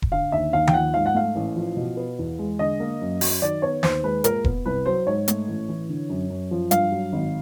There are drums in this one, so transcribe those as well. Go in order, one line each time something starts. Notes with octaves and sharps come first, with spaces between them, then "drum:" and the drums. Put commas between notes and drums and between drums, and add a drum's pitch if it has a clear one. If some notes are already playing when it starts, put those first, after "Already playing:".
drum: kick E1
D3 F5
D#2 E5
D#2 F5
G5, drum: tom D#3
F3 F#5
G#2 F5
F#5
A3 F5
A1
F3
B2
B3
E2
G#3
D3 D#5
A#3
F#2
F#3, drum: open hi-hat
D#3 D5
B3 C#5
D#2 C5, drum: snare
G#3 B4
A#2 A#4, drum: hi-hat
B3, drum: kick E1
C2 B4
F#3 C5
G#2 C#5
A3, drum: hi-hat
A1
E3
D3
F#2
F#2
F3
G2 F5, drum: hi-hat
F#3
G#1